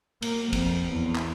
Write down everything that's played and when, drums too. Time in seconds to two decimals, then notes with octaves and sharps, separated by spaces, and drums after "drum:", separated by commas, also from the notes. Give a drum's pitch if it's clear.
0.22 A#3, drum: cymbal
0.53 F2, drum: kick, cymbal
0.92 E2
1.15 drum: clap